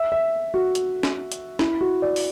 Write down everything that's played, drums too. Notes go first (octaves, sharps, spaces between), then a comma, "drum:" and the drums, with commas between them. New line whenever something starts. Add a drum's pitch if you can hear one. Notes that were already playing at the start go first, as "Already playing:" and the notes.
Already playing: E5
E5
F#4
drum: hi-hat
drum: snare
drum: hi-hat
E4, drum: snare
F#4
D5
drum: open hi-hat